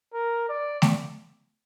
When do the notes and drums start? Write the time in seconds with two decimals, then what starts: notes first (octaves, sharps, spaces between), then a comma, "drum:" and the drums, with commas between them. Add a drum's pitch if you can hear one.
0.14 A#4
0.49 D5
0.82 drum: snare A3